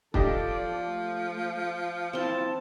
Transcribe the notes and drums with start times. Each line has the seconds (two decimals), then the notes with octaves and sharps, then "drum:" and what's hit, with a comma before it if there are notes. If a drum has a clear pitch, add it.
0.14 F3 D4 G4 A4 D5 D#5, drum: kick
0.85 A3
2.13 C4 E4 A5 C6